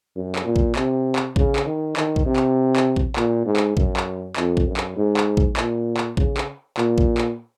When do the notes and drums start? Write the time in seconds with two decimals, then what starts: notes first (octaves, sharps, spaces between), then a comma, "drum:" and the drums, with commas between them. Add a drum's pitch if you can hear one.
0.16 F#2
0.36 drum: clap
0.45 A#2
0.56 drum: kick A#1
0.76 C3, drum: clap
1.16 drum: clap
1.36 C#3, drum: kick A#1
1.56 drum: clap
1.66 D#3
1.97 D#3, drum: clap
2.16 drum: kick A#1
2.26 C3
2.36 drum: clap
2.76 drum: clap
2.96 drum: kick A#1
3.16 A#2, drum: clap
3.46 G#2
3.57 drum: clap
3.77 F#2, drum: kick A#1
3.97 drum: clap
4.36 F2, drum: clap
4.57 drum: kick A#1
4.66 F#2
4.77 drum: clap
4.96 G#2
5.17 drum: clap
5.37 drum: kick A#1
5.57 A#2, drum: clap
5.97 drum: clap
6.17 C#3, drum: kick A#1
6.37 drum: clap
6.78 A#2, drum: clap
6.98 drum: kick A#1
7.18 drum: clap